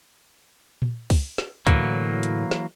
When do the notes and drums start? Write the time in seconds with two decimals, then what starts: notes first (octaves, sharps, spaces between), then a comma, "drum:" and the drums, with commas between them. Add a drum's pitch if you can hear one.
0.82 drum: tom A#2
1.10 drum: kick C#2, open hi-hat
1.38 drum: snare
1.67 A2 D3 E3 F#3 A#3, drum: kick C#2, hi-hat
2.23 drum: hi-hat
2.51 drum: snare